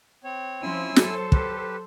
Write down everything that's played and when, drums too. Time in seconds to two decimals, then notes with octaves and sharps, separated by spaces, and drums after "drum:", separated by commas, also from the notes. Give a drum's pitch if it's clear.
0.24 C4 C#5
0.62 F3 C4 C#4 E4 G#5 E6
0.96 F#3 A4 C5, drum: snare
1.32 G4 B4, drum: kick